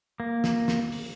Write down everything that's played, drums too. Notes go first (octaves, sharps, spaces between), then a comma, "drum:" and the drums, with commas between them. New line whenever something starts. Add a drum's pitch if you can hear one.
A#3
drum: snare
drum: snare
drum: open hi-hat